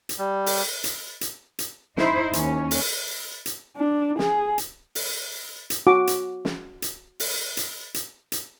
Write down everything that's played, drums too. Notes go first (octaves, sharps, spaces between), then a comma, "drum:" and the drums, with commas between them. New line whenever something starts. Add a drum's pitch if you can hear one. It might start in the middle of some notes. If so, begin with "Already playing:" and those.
drum: hi-hat
G3
drum: open hi-hat
drum: hi-hat
drum: hi-hat
drum: hi-hat
D#4 E4 C5, drum: snare
D#2 C#4, drum: hi-hat
drum: open hi-hat
drum: hi-hat
D4
G#4, drum: snare
drum: hi-hat
drum: open hi-hat
drum: hi-hat
F#4 D6
drum: hi-hat
drum: snare
drum: hi-hat
drum: open hi-hat
drum: hi-hat
drum: hi-hat
drum: hi-hat